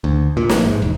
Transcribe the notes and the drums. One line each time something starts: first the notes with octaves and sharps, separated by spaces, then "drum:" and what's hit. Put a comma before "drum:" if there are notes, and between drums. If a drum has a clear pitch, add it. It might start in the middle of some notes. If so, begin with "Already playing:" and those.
D2
A#2
A#1, drum: snare
G#2
E1